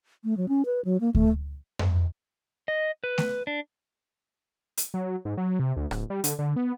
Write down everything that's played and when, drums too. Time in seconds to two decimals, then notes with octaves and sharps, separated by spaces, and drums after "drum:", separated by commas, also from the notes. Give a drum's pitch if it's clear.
0.24 A3
0.37 F#3
0.49 C#4
0.65 B4
0.85 F#3
1.01 A#3
1.15 A3, drum: kick D2
1.79 drum: tom F2
2.68 D#5
3.04 B4
3.18 drum: snare A3
3.47 D4
4.77 drum: hi-hat
4.94 F#3
5.25 G#2
5.37 F#3
5.59 C3
5.77 D2
5.91 D1, drum: rim click
6.10 G3
6.24 D3, drum: hi-hat
6.39 D3
6.56 B3